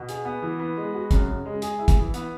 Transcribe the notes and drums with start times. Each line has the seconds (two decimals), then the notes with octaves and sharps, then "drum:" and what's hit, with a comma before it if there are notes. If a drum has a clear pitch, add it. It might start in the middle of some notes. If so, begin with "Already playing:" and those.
Already playing: B2
0.09 G#4, drum: hi-hat
0.25 B3
0.42 E3
0.60 B3
0.77 G#3
0.94 F#4
1.11 F#2, drum: kick, hi-hat
1.28 C#3
1.46 G#3
1.62 G#4, drum: hi-hat
1.79 E4
1.88 drum: kick, hi-hat
1.97 E3
2.14 B3, drum: hi-hat